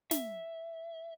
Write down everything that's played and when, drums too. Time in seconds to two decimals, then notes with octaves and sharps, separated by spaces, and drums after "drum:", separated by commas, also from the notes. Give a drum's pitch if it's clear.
0.11 E5, drum: snare